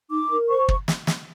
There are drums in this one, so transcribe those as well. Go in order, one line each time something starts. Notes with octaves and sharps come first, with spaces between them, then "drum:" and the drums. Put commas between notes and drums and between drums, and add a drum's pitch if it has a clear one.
D#4 D6
A#4
C5 C#6
drum: kick
drum: snare
drum: snare